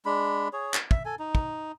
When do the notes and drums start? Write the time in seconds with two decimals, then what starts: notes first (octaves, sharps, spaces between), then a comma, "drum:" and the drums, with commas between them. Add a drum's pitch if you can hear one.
0.06 G#3 D4 B5
0.53 G#4 C#5
0.74 drum: clap
0.91 E5, drum: kick
1.05 A4 G#5
1.19 D#4
1.35 drum: kick